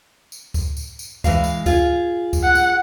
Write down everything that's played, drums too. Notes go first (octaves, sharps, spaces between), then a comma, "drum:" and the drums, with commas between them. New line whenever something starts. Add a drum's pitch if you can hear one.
drum: tambourine
drum: kick C#2, tambourine
drum: tambourine
drum: tambourine
E3 G#3 F5, drum: kick C#2, tambourine
drum: tambourine
F4 G#4, drum: kick C#2, tambourine
drum: kick C#2, tambourine
F#5
drum: tambourine